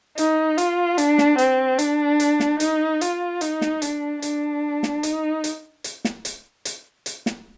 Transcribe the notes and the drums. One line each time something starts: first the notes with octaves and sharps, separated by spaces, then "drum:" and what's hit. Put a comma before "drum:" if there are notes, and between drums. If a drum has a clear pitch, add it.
D#4, drum: hi-hat
F4, drum: hi-hat
D4, drum: hi-hat
drum: snare
C4, drum: hi-hat
D4, drum: hi-hat
drum: hi-hat
drum: snare
D#4, drum: hi-hat
F4, drum: hi-hat
D#4, drum: hi-hat
drum: snare
D4, drum: hi-hat
D4, drum: hi-hat
drum: snare
D#4, drum: hi-hat
drum: hi-hat
drum: hi-hat
drum: snare
drum: hi-hat
drum: hi-hat
drum: hi-hat
drum: snare